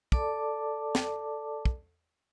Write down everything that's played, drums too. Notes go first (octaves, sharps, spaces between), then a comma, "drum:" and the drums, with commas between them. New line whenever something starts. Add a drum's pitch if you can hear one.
A4 D5 A5 D6, drum: kick
drum: snare
drum: kick